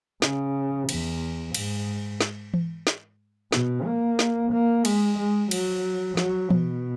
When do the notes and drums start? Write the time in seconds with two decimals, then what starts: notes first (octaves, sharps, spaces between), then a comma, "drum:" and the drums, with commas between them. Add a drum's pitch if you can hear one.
0.22 C#3, drum: snare
0.89 E2, drum: cymbal
1.54 G#2, drum: cymbal
2.21 drum: snare
2.54 drum: tom E3
2.87 drum: snare
3.52 B2, drum: snare
3.85 A#3
4.19 drum: snare
4.52 A#3
4.85 G#3, drum: cymbal
5.18 G#3
5.51 F#3, drum: cymbal
6.17 F#3, drum: snare
6.50 B2, drum: tom E3